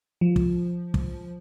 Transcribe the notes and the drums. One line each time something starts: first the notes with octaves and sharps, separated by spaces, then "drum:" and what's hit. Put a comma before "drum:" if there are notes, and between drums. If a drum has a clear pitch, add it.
F3
drum: kick
drum: kick